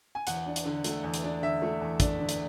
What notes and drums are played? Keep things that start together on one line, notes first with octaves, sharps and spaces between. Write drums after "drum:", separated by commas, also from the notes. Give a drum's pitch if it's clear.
G#5
E2 F#5, drum: hi-hat
D4
drum: hi-hat
D3
A3, drum: hi-hat
E2
drum: hi-hat
D4
D3 E5
A3
E2
D4, drum: kick, hi-hat
D3
drum: hi-hat